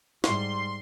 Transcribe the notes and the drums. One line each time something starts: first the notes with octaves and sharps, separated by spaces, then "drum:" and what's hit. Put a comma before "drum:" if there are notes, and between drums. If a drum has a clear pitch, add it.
G#2 G3 C6, drum: snare